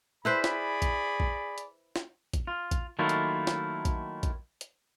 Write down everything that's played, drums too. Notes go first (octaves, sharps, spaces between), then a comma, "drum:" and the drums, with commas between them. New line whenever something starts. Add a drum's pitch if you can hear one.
E4 G#4 B4 C5 D5 B5
drum: snare
drum: kick A#1, hi-hat
drum: kick A#1
drum: hi-hat
drum: snare
drum: kick A#1, hi-hat
F4
drum: kick A#1, hi-hat
D#3 F#3 A3 A#3 E4 F4
drum: hi-hat
drum: snare
drum: kick A#1, hi-hat
drum: kick A#1, hi-hat
drum: hi-hat